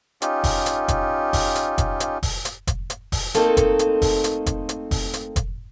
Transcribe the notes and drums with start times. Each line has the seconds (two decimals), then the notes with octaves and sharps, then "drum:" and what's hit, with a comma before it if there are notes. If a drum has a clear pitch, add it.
0.22 C#4 D#4 F4 G4, drum: hi-hat
0.44 drum: kick F1, open hi-hat
0.66 drum: hi-hat
0.88 drum: kick F1, hi-hat
1.33 drum: kick F1, open hi-hat
1.55 drum: hi-hat
1.78 drum: kick F1, hi-hat
2.00 drum: hi-hat
2.23 drum: kick F1, open hi-hat
2.45 drum: hi-hat
2.67 drum: kick F1, hi-hat
2.90 drum: hi-hat
3.12 drum: kick F1, open hi-hat
3.34 A3 A#3 C4 D#4 A4, drum: hi-hat
3.57 drum: kick F1, hi-hat
3.79 drum: hi-hat
4.02 drum: kick F1, open hi-hat
4.24 drum: hi-hat
4.46 drum: kick F1, hi-hat
4.69 drum: hi-hat
4.91 drum: kick F1, open hi-hat
5.13 drum: hi-hat
5.36 drum: kick F1, hi-hat